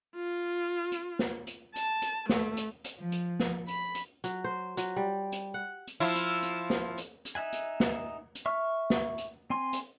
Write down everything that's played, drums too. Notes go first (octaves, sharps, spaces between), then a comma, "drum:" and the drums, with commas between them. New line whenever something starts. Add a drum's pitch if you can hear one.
F4
drum: hi-hat
drum: snare
drum: hi-hat
A5, drum: hi-hat
drum: hi-hat
A3, drum: snare
drum: hi-hat
drum: hi-hat
F3
drum: hi-hat
drum: snare
B5, drum: hi-hat
drum: hi-hat
F#3, drum: hi-hat
C5
F#3, drum: hi-hat
G3
drum: hi-hat
F#5
drum: hi-hat
F3 E4
drum: hi-hat
drum: hi-hat
drum: snare
drum: hi-hat
drum: hi-hat
D#4 E5 F#5 G#5
drum: hi-hat
drum: snare
drum: hi-hat
E5 C#6 F6
drum: snare
drum: hi-hat
C4 G#5 C6
drum: hi-hat